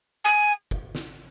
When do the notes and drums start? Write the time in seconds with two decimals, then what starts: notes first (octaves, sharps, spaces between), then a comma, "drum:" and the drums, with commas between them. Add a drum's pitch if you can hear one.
0.25 G#5
0.71 drum: kick
0.95 drum: snare